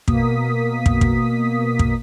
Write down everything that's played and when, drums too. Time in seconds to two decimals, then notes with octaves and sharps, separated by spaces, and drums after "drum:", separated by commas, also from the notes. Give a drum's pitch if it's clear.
0.08 B2 A#3 D#6 B6, drum: kick
0.86 drum: kick
1.01 drum: kick
1.79 drum: kick